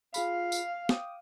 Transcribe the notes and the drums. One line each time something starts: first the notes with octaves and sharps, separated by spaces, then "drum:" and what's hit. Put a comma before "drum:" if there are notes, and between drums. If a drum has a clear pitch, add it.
F4 G#4 F5 B5, drum: tambourine
drum: tambourine
G5 D6 D#6, drum: snare